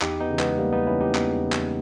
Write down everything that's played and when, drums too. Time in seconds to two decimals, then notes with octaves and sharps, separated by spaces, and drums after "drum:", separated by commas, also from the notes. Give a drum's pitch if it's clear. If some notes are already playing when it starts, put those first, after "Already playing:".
0.01 E2 D#4 G4, drum: clap
0.21 B3 D#4
0.30 C#3 E3
0.39 G#3 B3, drum: clap
0.58 E2 G3 A#3
0.72 B3 D#4
0.87 C#3 E3 C#4 E4
1.01 D#4 G4
1.15 E2, drum: clap
1.43 C#3 E3
1.52 drum: clap